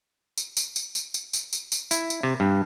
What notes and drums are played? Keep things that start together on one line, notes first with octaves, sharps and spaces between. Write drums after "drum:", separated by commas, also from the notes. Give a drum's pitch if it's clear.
drum: tambourine
drum: tambourine
drum: tambourine
drum: tambourine
drum: tambourine
drum: tambourine
drum: tambourine
drum: tambourine
E4, drum: tambourine
drum: tambourine
C3
G2